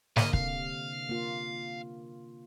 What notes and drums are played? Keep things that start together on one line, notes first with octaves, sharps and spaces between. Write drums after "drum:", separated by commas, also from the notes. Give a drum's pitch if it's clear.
D3 A#3 D#5 F5, drum: snare
C3 F5, drum: kick
A#3 F4